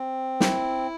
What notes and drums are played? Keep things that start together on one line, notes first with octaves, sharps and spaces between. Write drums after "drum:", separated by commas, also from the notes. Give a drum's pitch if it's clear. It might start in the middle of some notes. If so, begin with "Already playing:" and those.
Already playing: C4
E4, drum: snare